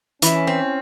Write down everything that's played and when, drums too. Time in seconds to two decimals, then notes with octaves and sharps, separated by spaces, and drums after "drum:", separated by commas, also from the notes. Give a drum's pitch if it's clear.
0.22 E3 C#4, drum: hi-hat
0.47 C4